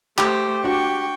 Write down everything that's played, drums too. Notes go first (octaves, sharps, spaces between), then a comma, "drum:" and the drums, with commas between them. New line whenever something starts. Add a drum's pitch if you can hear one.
A3 G4 C5, drum: clap
D4 F#4 G5 C#6